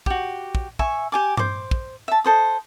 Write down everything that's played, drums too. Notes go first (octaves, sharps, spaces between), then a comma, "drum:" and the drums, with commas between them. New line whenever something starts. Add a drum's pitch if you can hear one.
F#4 G4, drum: kick
drum: kick
E5 G#5 C#6, drum: kick
G4 G#5 D6
C5 D6, drum: tom G2
drum: kick
E5 A5
A4 C5 D#6